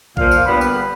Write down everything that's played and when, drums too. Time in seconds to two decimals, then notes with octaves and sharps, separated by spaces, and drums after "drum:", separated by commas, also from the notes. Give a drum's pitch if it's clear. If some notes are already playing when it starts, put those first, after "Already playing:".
0.17 A#2 F3 A#3 F5, drum: kick A#1
0.31 drum: tambourine
0.46 D3 G3 B3 B5
0.61 drum: tambourine
0.76 drum: rim click